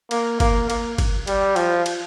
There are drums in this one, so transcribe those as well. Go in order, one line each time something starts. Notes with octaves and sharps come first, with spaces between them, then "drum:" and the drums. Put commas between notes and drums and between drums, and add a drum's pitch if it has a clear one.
A#3, drum: cymbal
A#3, drum: kick G1, cymbal
A#3, drum: cymbal
drum: kick G1, cymbal
G3, drum: cymbal
F3, drum: cymbal
drum: cymbal